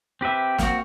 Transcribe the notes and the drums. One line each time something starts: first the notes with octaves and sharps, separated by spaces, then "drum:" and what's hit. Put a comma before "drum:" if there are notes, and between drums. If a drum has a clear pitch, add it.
C4 G4 B4 E5
A#3 C4 F#4, drum: snare